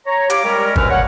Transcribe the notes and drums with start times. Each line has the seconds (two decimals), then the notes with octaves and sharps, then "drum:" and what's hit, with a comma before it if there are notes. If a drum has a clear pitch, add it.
0.06 C#5 A#5
0.30 F4 G4 C#5 F5 D6, drum: hi-hat
0.44 G3 G#3 C#4 A#4
0.76 D2 D3 G#3 C#4 B4 F6, drum: kick
0.90 C#3 G3 B4 C#5 F#5